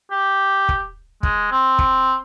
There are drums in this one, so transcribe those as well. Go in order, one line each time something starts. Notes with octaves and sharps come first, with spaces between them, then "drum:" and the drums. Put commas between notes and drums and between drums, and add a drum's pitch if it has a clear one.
G4
drum: kick
G#3, drum: kick
C4
drum: kick